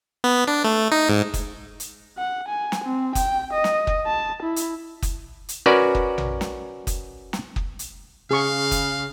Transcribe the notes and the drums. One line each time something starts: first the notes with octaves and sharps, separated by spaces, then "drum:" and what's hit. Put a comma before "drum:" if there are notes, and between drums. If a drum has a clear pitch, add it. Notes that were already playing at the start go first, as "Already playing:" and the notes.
B3
D4
A3
D#4
G#2
drum: kick, hi-hat
drum: hi-hat
F#5
G#5
drum: snare
C4
G5, drum: kick, hi-hat
D#5
drum: snare
drum: kick
A5
E4
drum: hi-hat
drum: kick, hi-hat
drum: hi-hat
C#4 F#4 A#4 B4 D5
drum: kick
drum: tom A#1
drum: snare
drum: kick, hi-hat
drum: snare
drum: kick
drum: hi-hat
C#3 G#4 F5 C#6
drum: kick, hi-hat